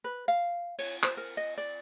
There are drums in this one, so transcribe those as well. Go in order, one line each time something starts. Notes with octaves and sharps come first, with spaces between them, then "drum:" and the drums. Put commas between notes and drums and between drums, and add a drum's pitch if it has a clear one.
B4
F5
C#5, drum: cymbal
C5, drum: clap
A#4
D#5
D5